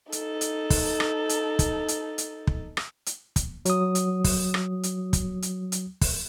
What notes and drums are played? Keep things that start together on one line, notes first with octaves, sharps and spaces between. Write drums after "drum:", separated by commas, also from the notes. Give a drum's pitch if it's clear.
D#4 A4, drum: hi-hat
drum: hi-hat
drum: kick, open hi-hat
drum: rim click
drum: hi-hat
drum: kick, hi-hat
drum: hi-hat
drum: hi-hat
drum: kick
drum: rim click
drum: hi-hat
drum: kick, hi-hat
F#3 D#6, drum: hi-hat
drum: hi-hat
drum: kick, open hi-hat
drum: rim click
drum: hi-hat
drum: kick, hi-hat
drum: hi-hat
drum: hi-hat
drum: kick, open hi-hat